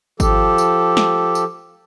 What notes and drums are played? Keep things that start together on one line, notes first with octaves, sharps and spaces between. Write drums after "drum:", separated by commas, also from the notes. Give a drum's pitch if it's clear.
F3 G4 A4, drum: kick G#1, tambourine
drum: tambourine
drum: snare
drum: tambourine